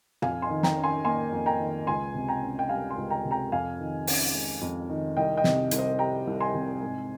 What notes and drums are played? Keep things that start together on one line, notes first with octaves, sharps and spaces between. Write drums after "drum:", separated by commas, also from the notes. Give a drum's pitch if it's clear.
F2 F5 G#5, drum: tom
G#5 C6
D#3
G5 A#5, drum: snare
C#4
G#5 C6
A#3 G#5 C6
F2
G5 A#5
D#3
C#2 G#5 C6
C3
G5 A#5
C#4
G5
G3 F5 G#5
G#5 C6
C#2
G5 A#5
C3
G5 A#5
F2 F5 G#5
D#3
C#4, drum: open hi-hat
G#3
F2
D#3
C2 D#5 G5
D#5 G5
C3, drum: snare
C2, drum: hi-hat
C5 D#5
G3 G5 A#5
C2
G#5 C6
C3
G#2